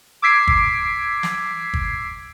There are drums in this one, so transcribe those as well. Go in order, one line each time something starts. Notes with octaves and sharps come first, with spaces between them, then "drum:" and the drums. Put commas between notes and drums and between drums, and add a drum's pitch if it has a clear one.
D6 E6 G#6 B6 C7 D7
drum: kick G1
drum: snare
drum: kick G1